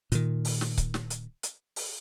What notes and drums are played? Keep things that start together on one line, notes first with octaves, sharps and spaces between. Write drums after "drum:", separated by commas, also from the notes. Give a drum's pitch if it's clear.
A#2 D#3, drum: hi-hat
drum: open hi-hat
drum: snare
drum: kick C#1, hi-hat
drum: snare
drum: hi-hat
drum: hi-hat
drum: open hi-hat